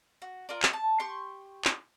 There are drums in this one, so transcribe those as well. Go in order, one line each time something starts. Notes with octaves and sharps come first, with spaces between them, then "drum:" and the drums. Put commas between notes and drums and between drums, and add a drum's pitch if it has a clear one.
F#4
F4 A#4 D5
drum: clap
A5
G4 C6 C#6
drum: clap